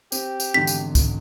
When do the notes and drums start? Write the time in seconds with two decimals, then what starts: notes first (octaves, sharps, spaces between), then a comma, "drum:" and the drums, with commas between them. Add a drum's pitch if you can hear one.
0.12 C4 G4, drum: tambourine
0.40 drum: tambourine
0.54 G#1 E2 D3 B6
0.67 drum: tambourine
0.95 drum: kick, tambourine